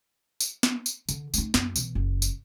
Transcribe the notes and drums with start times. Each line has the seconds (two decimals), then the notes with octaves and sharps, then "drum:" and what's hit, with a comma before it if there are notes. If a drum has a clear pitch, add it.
0.40 drum: tambourine
0.63 drum: snare
0.86 drum: tambourine
1.09 D3, drum: tambourine
1.34 A3 D#4, drum: tambourine
1.54 F#2, drum: snare
1.76 B2 E3, drum: tambourine
1.95 F#1
2.22 drum: tambourine